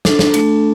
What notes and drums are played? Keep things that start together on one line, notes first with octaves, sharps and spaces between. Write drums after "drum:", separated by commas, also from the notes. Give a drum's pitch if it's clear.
D4 A4, drum: snare
drum: snare
A3, drum: cymbal